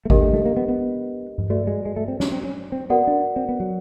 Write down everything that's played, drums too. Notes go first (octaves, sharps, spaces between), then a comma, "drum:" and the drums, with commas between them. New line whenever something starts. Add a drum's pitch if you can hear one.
A3
A#3 D4 G4 A#4 D#5, drum: kick G#1
A3
A3, drum: tom G#3
A#3
B3
B3
drum: tom G2
A3 F#4 B4 D5
G#3
G#3
A3
C4
C#4, drum: snare
C4
C#4
C4
B3 F#4 A#4 D5 F#5
D4
C4
B3
F#3